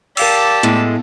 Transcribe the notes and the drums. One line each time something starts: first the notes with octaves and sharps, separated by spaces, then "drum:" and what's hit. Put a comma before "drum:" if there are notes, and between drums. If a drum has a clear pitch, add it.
G4 A#4 D5 F5 A5 E6, drum: cymbal
A2 G#3 B3